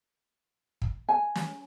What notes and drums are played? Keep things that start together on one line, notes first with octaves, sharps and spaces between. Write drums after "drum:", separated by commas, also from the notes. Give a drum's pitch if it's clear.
drum: kick
G#5
drum: snare